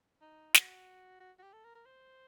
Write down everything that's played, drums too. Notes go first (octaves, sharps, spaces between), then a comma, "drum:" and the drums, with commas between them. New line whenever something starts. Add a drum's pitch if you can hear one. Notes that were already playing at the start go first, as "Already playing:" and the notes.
D#4
F#4, drum: snare
F#4
F#4
G4
A4
A#4
A#4
C5